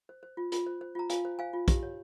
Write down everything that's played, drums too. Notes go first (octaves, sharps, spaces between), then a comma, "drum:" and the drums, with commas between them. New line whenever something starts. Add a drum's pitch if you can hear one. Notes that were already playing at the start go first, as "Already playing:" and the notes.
C5
C5
F4
F4, drum: hi-hat
C5
C5
F4 A#5
F4 F5 G#5, drum: hi-hat
C5
C5 F5 G#5
F4
G4, drum: kick, hi-hat
C#5